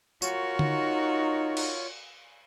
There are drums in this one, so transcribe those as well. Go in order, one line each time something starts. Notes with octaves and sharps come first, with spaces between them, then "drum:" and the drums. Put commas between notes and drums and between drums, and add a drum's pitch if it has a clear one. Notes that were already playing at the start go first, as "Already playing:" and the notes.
F4 F#4 A#4 C#5, drum: tambourine
D#4, drum: tom D3
drum: cymbal